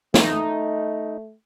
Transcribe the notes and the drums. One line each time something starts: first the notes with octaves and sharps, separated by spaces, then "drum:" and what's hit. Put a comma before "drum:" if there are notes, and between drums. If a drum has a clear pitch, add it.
A3 D#4, drum: snare